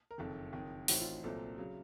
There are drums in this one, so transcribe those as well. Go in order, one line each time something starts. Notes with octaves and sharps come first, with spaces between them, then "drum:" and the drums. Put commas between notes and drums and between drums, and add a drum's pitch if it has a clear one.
A#4
F#1 F2 D#3 A4
F#1 F2 D#3
A1 A2 A3 C4 D#4 F#4, drum: open hi-hat
F4
C2 A#2 F#3 C4 A4
C#3 F#3